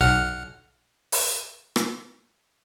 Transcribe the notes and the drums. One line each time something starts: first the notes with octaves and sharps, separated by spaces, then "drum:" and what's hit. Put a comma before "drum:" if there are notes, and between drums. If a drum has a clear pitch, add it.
B1 F#5 F6
drum: open hi-hat
drum: rim click